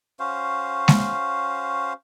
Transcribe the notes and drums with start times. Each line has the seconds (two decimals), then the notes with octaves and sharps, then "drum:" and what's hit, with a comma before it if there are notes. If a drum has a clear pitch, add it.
0.20 C#4 F#4 C5 F5
0.88 drum: snare G#3